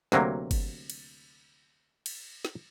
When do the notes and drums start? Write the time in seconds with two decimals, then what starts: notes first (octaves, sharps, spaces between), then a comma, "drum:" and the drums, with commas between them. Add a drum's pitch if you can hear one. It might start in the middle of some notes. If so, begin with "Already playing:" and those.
0.12 D2 C3 F#3 A#3, drum: snare
0.51 drum: kick G1, cymbal
0.90 drum: cymbal
2.06 drum: cymbal
2.45 drum: snare